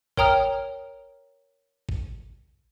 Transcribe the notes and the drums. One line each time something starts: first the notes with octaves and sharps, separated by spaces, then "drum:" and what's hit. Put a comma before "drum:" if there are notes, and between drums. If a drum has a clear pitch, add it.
A#4 C#5 G5 A#5 D#6 F6, drum: kick G#1
drum: kick G#1